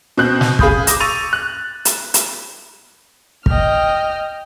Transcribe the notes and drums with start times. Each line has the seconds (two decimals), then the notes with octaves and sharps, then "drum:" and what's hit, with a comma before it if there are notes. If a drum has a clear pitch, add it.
0.18 B2 C4 F#6 G6
0.41 drum: snare
0.59 G#4 F5 B5 D#6 G6, drum: kick
0.87 D6 D#6 A#6, drum: hi-hat
1.00 C#6 E6 A6 D#7 F7
1.33 F#6
1.85 drum: hi-hat
2.14 drum: hi-hat
3.46 D#5 G5 F6, drum: kick